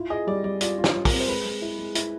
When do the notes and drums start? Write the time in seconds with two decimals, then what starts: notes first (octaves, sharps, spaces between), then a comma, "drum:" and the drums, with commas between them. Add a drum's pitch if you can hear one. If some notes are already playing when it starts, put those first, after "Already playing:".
Already playing: E4 F4
0.10 G#4 D#5
0.27 G3 D5
0.44 G3 D5
0.61 F4 D5, drum: hi-hat
0.78 F4
0.84 C#5, drum: snare
0.94 F4
1.05 A#4, drum: kick, open hi-hat
1.11 C4
1.20 C5
1.28 G#3 B4
1.46 G#3
1.62 E4
1.78 G#3
1.95 E4, drum: hi-hat